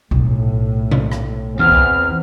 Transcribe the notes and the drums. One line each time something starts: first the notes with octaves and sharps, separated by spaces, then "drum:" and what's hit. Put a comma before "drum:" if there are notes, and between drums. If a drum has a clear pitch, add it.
B1 A2, drum: kick C2
drum: tom B2
drum: rim click
E2 C4 F6
drum: kick C2